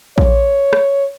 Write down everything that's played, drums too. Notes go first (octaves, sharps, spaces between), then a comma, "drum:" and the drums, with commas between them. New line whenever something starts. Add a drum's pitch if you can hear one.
C#5, drum: kick A#1
drum: rim click